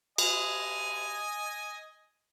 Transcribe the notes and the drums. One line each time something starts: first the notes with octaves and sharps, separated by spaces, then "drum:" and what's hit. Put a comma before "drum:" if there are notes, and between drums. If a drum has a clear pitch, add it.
D#5 G#5, drum: cymbal